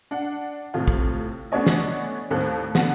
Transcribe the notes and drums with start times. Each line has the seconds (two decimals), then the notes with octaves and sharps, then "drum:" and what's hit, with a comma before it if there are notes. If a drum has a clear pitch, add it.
0.11 D4 F#5
0.74 A2 C3 F4
0.88 drum: kick
1.52 A3 B3 C#4 D4 C#5 D#5
1.66 drum: snare
2.31 D#2 A2 G3 C4 A4 F#6
2.41 drum: tambourine
2.75 D3 B3, drum: snare